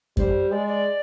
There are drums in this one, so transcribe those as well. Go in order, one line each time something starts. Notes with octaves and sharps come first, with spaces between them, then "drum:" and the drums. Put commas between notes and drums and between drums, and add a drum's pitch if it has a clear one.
G3 C5, drum: kick F#2
G#3 D5
D5